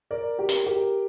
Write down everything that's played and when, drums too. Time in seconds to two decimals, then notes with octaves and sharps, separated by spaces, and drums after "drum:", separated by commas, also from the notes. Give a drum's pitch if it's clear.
0.11 A#4 D5
0.38 G4 A#4
0.49 drum: hi-hat
0.66 G4 A#4